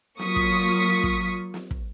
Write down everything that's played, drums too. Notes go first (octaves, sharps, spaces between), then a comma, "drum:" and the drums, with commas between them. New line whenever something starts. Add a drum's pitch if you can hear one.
F#3 A#3 F4 C#6 D#6 B6, drum: snare
drum: kick
drum: kick
drum: snare
drum: kick